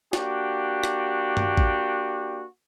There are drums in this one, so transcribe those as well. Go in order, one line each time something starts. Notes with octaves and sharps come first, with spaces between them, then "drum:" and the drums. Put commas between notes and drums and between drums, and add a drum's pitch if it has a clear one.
A#3 D4 F#4 G4, drum: snare
drum: rim click
drum: tom G2
drum: kick A1